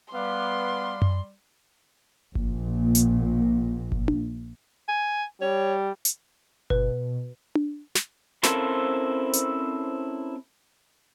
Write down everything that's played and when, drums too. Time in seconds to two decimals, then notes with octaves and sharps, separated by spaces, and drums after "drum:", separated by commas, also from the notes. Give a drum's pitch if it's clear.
0.13 G3 B3 B4 F5 C6 D6
1.02 drum: tom F#2
2.35 A#1 A#2, drum: kick G1
2.95 drum: hi-hat
3.92 drum: kick G1
4.08 drum: tom D4
4.88 G#5
5.42 G3 C#5
6.05 drum: hi-hat
6.70 B2 B4, drum: kick G1
7.55 drum: tom D4
7.95 drum: snare
8.43 C4 C#4 E4 A4 A#4 C5, drum: snare
9.33 drum: hi-hat